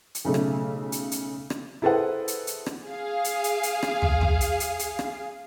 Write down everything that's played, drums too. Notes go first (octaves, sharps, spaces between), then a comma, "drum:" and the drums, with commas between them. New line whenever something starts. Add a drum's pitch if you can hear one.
drum: hi-hat
B1 C#3 A3
drum: rim click
drum: hi-hat
drum: hi-hat
drum: rim click
E4 G#4 A4 B4 C5 F#5
drum: hi-hat
drum: hi-hat
drum: rim click
G#4 F5
drum: hi-hat
drum: hi-hat
drum: hi-hat
drum: rim click
drum: tom
drum: tom
drum: hi-hat
drum: hi-hat
drum: hi-hat
drum: rim click